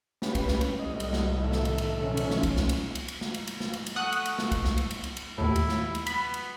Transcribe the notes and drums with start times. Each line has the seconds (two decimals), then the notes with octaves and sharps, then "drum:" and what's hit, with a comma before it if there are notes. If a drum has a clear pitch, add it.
0.22 C#4 G4 B4, drum: snare
0.35 drum: kick, cymbal
0.48 drum: snare
0.61 drum: cymbal
0.79 C2 A2 G3 D#5
1.00 drum: cymbal
1.13 drum: snare
1.42 D#3 A4 E5
1.52 drum: snare
1.65 drum: cymbal
1.78 drum: cymbal
1.98 B1 F3 C#4
2.17 drum: cymbal
2.30 drum: snare
2.43 drum: kick, cymbal
2.56 drum: snare
2.69 drum: cymbal
2.95 drum: cymbal
3.08 drum: cymbal
3.21 drum: snare
3.34 drum: cymbal
3.47 drum: cymbal
3.60 drum: snare
3.73 drum: cymbal
3.86 drum: cymbal
3.96 A3 F#5 D#6 F#6
4.12 drum: cymbal
4.25 drum: cymbal
4.38 drum: snare
4.52 drum: kick, cymbal
4.65 drum: snare
4.78 drum: cymbal
4.91 drum: cymbal
5.04 drum: cymbal
5.17 drum: cymbal
5.38 D#2 A2 E4
5.56 drum: cymbal
5.69 drum: snare
5.95 drum: cymbal
6.06 B3 B5, drum: cymbal
6.34 drum: cymbal